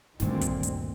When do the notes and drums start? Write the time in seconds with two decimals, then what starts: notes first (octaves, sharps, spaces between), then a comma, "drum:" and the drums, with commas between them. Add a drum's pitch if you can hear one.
0.20 D2 G2 A#2 D#3 C4, drum: snare
0.41 drum: kick, hi-hat
0.63 drum: hi-hat